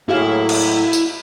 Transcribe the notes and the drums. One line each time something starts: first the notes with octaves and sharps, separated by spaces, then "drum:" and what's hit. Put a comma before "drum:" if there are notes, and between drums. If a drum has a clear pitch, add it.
A2 F#3 A#3 E4 F#4 G#4 F5
drum: cymbal
drum: tambourine